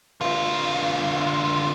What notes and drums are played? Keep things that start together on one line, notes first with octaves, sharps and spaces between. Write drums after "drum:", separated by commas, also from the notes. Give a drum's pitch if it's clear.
D3 F4, drum: cymbal
drum: cymbal